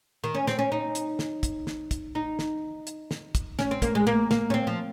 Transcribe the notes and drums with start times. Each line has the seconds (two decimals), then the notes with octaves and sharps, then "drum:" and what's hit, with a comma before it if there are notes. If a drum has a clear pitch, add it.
0.24 D#3
0.35 C#4
0.47 C4, drum: snare
0.59 C#4
0.72 D#4
0.95 drum: hi-hat
1.19 drum: snare
1.43 drum: kick, hi-hat
1.67 drum: snare
1.91 drum: kick, hi-hat
2.15 D#4
2.39 drum: snare
2.87 drum: hi-hat
3.11 drum: snare
3.35 drum: kick, hi-hat
3.59 C#4, drum: snare
3.71 C4
3.82 A#3, drum: kick, hi-hat
3.95 G#3
4.07 A#3
4.31 A#3, drum: snare
4.50 C#4
4.54 C4
4.67 F3